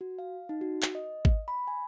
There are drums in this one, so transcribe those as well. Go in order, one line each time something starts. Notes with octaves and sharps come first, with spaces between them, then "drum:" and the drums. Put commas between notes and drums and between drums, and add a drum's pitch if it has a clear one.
F#4
F5
D#4
F#4
drum: clap
D#5
drum: kick G#1
B5
G#5